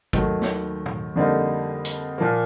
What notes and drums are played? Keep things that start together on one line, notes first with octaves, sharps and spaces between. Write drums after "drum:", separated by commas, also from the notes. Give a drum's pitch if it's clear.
D#2 D#3 F#3 A3, drum: kick
drum: snare
drum: tom
F2 D3 G3 A#3 D#4
drum: hi-hat
A#2 F3 A#3